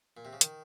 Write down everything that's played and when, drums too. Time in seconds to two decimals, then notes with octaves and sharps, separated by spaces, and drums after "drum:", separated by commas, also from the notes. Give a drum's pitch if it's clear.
0.17 A#2
0.25 C3
0.33 C#3
0.41 D#3, drum: hi-hat